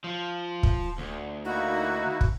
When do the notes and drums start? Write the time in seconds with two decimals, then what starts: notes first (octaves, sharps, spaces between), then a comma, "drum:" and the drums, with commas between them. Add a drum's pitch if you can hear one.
0.04 F3
0.63 drum: kick
0.98 D2
1.45 A#3 D#4 E4 F#4
2.21 drum: kick